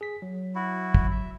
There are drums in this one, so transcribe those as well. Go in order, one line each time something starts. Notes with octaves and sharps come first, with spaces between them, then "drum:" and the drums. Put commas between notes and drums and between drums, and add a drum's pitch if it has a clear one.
G#4 B6
F#3
E4 F#4
drum: kick
E5